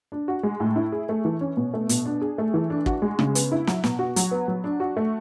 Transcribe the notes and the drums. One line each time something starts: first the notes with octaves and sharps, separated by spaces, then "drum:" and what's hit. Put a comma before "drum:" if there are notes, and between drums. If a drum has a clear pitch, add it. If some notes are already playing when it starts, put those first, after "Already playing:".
D4
F#4
G#3
A2
E4
G#4
A3
E3
C#4
B2
A3
B2, drum: hi-hat
D4
G#4
A3
E3
D4
F#4, drum: kick
G#3
C#3, drum: rim click
B3, drum: hi-hat
E4
F#3, drum: snare
B2, drum: snare
F#4
F#3, drum: hi-hat
B3
F#3
D4
F#4
A3